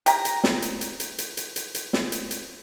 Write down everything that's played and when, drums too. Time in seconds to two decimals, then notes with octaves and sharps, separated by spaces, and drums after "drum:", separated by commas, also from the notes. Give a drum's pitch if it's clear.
0.06 G4 A#5, drum: hi-hat
0.25 drum: hi-hat
0.44 drum: snare
0.62 drum: hi-hat
0.81 drum: hi-hat
1.00 drum: hi-hat
1.18 drum: hi-hat
1.37 drum: hi-hat
1.56 drum: hi-hat
1.75 drum: hi-hat
1.93 drum: snare
2.12 drum: hi-hat
2.31 drum: hi-hat